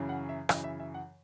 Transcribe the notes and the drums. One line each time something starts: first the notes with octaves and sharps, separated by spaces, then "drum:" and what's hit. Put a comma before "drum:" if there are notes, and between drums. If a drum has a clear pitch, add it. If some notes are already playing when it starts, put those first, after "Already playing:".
Already playing: F#2 C#3 E3
F#5
E5
F#2 C#3 E3 D#5, drum: rim click
E5
E5
F#5